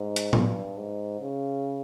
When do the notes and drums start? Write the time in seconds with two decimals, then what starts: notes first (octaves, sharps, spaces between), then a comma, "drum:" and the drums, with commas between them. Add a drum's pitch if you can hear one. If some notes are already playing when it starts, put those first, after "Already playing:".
Already playing: G#2
0.16 drum: hi-hat
0.33 G2, drum: tom A2
0.77 G#2
1.21 C#3